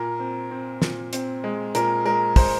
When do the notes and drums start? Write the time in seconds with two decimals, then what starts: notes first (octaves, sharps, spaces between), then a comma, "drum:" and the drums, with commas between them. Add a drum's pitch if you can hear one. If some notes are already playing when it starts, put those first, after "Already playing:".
Already playing: A#2 A#4
0.20 C4
0.51 C4
0.82 A#2, drum: snare
1.13 C4, drum: hi-hat
1.44 G#3
1.75 A#2 A#4, drum: hi-hat
2.06 G#3 A#4
2.36 G#3 C5, drum: kick, open hi-hat